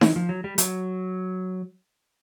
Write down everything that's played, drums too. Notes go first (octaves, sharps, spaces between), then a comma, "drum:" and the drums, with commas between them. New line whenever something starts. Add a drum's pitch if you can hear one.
E3, drum: snare D#4
F3
F#3
G3
F#3, drum: hi-hat